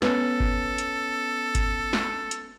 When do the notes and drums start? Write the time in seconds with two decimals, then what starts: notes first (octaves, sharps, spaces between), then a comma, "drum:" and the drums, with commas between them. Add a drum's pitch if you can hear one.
0.02 B3 C#4 A4, drum: snare
0.40 drum: kick G1
0.78 drum: hi-hat
1.55 drum: kick G1, hi-hat
1.93 drum: snare
2.31 drum: hi-hat